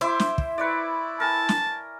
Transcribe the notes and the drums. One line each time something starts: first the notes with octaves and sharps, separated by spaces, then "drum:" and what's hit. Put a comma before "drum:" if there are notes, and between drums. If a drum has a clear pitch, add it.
E4 C5 E5 D6
drum: snare
drum: kick
E4 B4 C#5 D5
A#4 G#5 A5
drum: snare